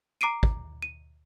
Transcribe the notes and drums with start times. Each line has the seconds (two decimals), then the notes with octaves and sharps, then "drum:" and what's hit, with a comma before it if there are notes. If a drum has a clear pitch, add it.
0.21 A#5 D6 C7 D7 D#7
0.43 drum: kick
0.82 D#7